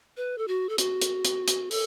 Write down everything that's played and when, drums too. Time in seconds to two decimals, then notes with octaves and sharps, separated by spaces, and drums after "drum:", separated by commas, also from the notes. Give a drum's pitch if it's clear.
0.17 B4
0.38 A4
0.48 F#4
0.69 A4
0.78 F#4, drum: hi-hat
1.02 drum: hi-hat
1.25 drum: hi-hat
1.48 drum: hi-hat
1.71 A4, drum: open hi-hat